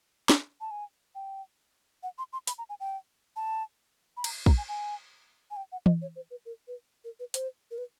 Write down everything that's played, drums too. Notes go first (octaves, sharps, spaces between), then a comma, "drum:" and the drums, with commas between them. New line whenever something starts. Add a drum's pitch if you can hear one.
drum: snare
A5
G#5
G5
F#5
C6
C6
B5, drum: hi-hat
A#5
G#5
G5
A5
B5
A#5, drum: cymbal
A#5, drum: kick
G#5
G#5
G#5
G5
F#5
D#5, drum: tom E3
C#5
C5
B4
A#4
B4
A#4
B4
C5, drum: hi-hat
A#4
B4